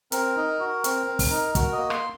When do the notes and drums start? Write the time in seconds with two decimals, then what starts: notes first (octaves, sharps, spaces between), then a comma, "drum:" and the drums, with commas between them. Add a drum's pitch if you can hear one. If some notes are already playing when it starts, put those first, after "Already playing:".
0.12 C4 A#4, drum: hi-hat
0.37 D#4
0.60 F#4
0.84 C4, drum: hi-hat
1.07 C4
1.19 drum: kick, open hi-hat
1.31 D#4
1.55 F#4 A#4, drum: kick, hi-hat
1.72 D#5
1.78 A#3
1.90 C6, drum: rim click